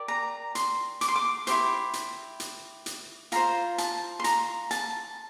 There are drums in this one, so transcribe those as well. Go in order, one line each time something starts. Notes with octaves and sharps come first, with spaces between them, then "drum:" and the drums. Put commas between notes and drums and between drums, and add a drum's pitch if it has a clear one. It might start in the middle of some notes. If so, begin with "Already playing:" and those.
Already playing: G4 A#4 D5
A#5
C6, drum: hi-hat
D6, drum: hi-hat
C6
D6
E4 G4 C5 C6, drum: hi-hat
drum: hi-hat
drum: hi-hat
drum: hi-hat
F4 C5 A#5, drum: hi-hat
A5, drum: hi-hat
C6
A#5, drum: hi-hat
A5, drum: hi-hat